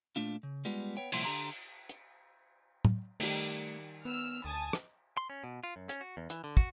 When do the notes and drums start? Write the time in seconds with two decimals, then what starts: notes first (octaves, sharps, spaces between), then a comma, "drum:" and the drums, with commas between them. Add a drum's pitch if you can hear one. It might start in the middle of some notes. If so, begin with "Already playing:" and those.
0.16 A#2 A3 D4 F4
0.43 C#3
0.65 G3 G#3 B3 F4
0.97 B3 C#5 G5
1.12 C2 A#2 F3 E4 C6, drum: cymbal
1.24 D3 G4 A#5 C6
1.89 drum: hi-hat
2.85 drum: tom
3.20 D#3 G3 A3, drum: cymbal
4.05 B3 E6 F6
4.45 D2 G#5 A5 D#6
4.73 drum: rim click
5.17 C6
5.30 C#4
5.44 B2
5.64 F4
5.76 F#2
5.89 C#4, drum: hi-hat
6.01 F#4
6.17 E2
6.30 E3, drum: hi-hat
6.44 D3
6.57 F#4, drum: kick